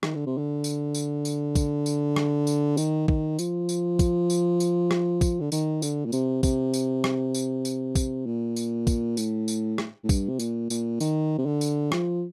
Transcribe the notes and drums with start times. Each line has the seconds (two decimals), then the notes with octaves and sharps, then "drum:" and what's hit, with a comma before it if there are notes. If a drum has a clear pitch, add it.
0.03 D#3, drum: rim click
0.15 D3
0.26 C3
0.38 D3
0.64 drum: tambourine
0.95 drum: tambourine
1.25 drum: tambourine
1.55 drum: kick, tambourine
1.86 drum: tambourine
2.16 drum: rim click
2.47 drum: tambourine
2.77 D#3, drum: tambourine
3.08 D#3, drum: kick
3.39 F3, drum: tambourine
3.69 drum: tambourine
3.99 drum: kick, tambourine
4.30 drum: tambourine
4.60 drum: tambourine
4.91 drum: rim click
5.21 drum: kick, tambourine
5.40 D3
5.52 D#3, drum: tambourine
5.82 D3, drum: tambourine
6.06 A#2
6.12 C3, drum: tambourine
6.43 C3, drum: kick, tambourine
6.74 drum: tambourine
7.04 drum: rim click
7.35 drum: tambourine
7.65 drum: tambourine
7.95 drum: kick, tambourine
8.26 A#2
8.56 drum: tambourine
8.87 drum: kick, tambourine
9.17 A2, drum: tambourine
9.48 drum: tambourine
9.78 drum: rim click
10.04 A2
10.09 G2, drum: kick, tambourine
10.29 C3
10.39 A#2, drum: tambourine
10.70 A#2, drum: tambourine
11.00 D#3, drum: tambourine
11.38 C3
11.46 D3
11.61 drum: tambourine
11.92 F3, drum: rim click